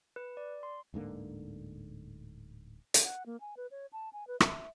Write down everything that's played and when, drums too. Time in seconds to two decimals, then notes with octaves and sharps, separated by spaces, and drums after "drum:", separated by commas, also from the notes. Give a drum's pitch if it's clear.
0.16 B4
0.37 D5
0.63 C6
0.94 D1 G#2 D3 A#3
2.94 drum: hi-hat
3.04 F#5
3.26 A#3
3.40 G#5
3.57 B4
3.71 C#5
3.93 A5
4.13 G#5
4.27 B4
4.40 E5, drum: rim click